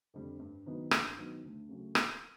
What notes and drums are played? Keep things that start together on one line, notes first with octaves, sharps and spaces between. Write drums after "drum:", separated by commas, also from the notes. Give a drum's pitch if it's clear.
F2 D3 G3
G2
D#3 F#3 B3
G2, drum: rim click
D#3 F#3 B3
D2
C#3 F#3 A3
drum: rim click